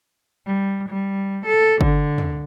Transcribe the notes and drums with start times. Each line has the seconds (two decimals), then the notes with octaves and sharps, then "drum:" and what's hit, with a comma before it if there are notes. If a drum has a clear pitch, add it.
0.48 G3
0.89 G3
1.45 A4
1.81 D3, drum: kick G1
2.18 drum: tom